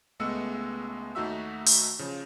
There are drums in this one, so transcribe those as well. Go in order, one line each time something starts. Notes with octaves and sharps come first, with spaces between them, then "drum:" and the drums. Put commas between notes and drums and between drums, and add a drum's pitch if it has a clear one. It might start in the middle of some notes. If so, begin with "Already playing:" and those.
C#2 G#3 A3 B3 E6 C#7
D#2 A3 D#4 F#4 E5 E6
drum: open hi-hat
C#3 F3